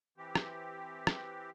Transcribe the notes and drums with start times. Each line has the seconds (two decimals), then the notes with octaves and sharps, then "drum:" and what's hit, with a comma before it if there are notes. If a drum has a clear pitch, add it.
0.18 E3 C4 G4
0.35 drum: rim click
1.07 drum: rim click